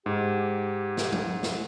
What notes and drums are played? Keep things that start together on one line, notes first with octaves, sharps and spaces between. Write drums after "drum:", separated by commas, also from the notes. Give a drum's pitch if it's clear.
G#2 G4
drum: snare
drum: tom F3
drum: snare